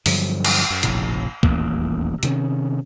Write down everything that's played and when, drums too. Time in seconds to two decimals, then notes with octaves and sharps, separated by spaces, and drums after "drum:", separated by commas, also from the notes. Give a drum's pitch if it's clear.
0.06 G2 D3 F3 F#3, drum: open hi-hat
0.44 drum: cymbal
0.70 F#2
0.83 F1 A#1 A2 C#3, drum: hi-hat
1.43 D#1 A1 E2 A#3, drum: kick
2.23 C3 D#3 C4 C#4, drum: hi-hat